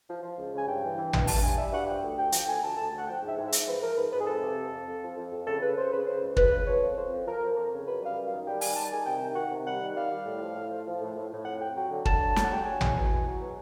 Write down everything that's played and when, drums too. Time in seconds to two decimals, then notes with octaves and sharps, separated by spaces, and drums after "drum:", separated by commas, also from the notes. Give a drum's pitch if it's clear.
0.09 F3
0.23 F3
0.39 C#2
0.53 C#3 G#5
0.67 G2 G5
0.82 E3
0.97 E3
1.13 G2, drum: tom
1.27 G2 A5, drum: open hi-hat
1.42 G2 G#5
1.58 G3 E5
1.72 G2 F#5
1.87 F3 G5
2.03 D2
2.18 D2 G5
2.32 F3, drum: hi-hat
2.38 G5
2.48 D2 G#5
2.62 D2 A5
2.77 D2 A5
2.92 D2
2.98 F#5
3.07 F3 G5
3.23 G#2
3.28 E5
3.38 G#2
3.47 E5
3.52 G#2, drum: hi-hat
3.67 F3 B4
3.82 F3 A#4
3.97 G#2 B4
4.13 G#2 B4
4.21 G#4
4.27 F2 A4
4.42 C3
4.57 F2
4.72 F2
4.88 F2
5.03 F3
5.17 F2
5.31 F2
5.46 C#3 A4
5.62 C#3 B4
5.77 C#3 C5
5.92 C#3 B4
6.07 C#3 C5
6.22 C#2
6.37 C#2 B4, drum: kick
6.52 C#2
6.67 F3 C#5
6.81 F2
6.97 F2 C5
7.12 F3
7.27 F3 A#4
7.42 F3
7.57 F2 A#4
7.72 C#3
7.87 F#2 B4
8.01 G3 F5
8.17 F#2
8.27 F5
8.32 D#3
8.47 G3 G5
8.61 D#3 G#5, drum: open hi-hat
8.76 G3 A5
8.92 D#3 G#5
9.06 C3 G5
9.21 D#3
9.36 D#3 F#5
9.52 C3
9.66 G3 F#5
9.81 D#3
9.96 G3 F5
10.11 G3
10.26 A2
10.41 F3
10.56 A2
10.71 F3
10.86 F3
11.01 A2
11.16 A2
11.32 A2
11.45 F2 F#5
11.60 F2 G5
11.75 F#3 G5
11.91 D3
12.05 D3 A5, drum: kick
12.21 F#3
12.36 D3, drum: snare
12.42 F#5
12.51 F#3 G5
12.65 F#3 G#5
12.81 E2, drum: tom
12.96 B2
13.11 E2
13.26 F#3
13.40 B2